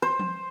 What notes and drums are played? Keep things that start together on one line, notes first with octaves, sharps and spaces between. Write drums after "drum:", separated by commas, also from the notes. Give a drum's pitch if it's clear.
C5
drum: tom F3